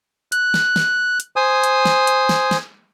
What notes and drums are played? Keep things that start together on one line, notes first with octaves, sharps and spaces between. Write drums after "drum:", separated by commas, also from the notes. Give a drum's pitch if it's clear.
F#6, drum: hi-hat
drum: snare
drum: snare
drum: hi-hat
C5 G#5 D#6
drum: hi-hat
drum: snare
drum: hi-hat
drum: snare
drum: snare